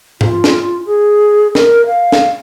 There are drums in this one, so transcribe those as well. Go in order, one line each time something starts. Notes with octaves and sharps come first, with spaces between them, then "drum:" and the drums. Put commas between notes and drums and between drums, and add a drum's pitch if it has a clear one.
F4, drum: tom G#2
drum: snare
G#4
A#4, drum: snare
F5
drum: snare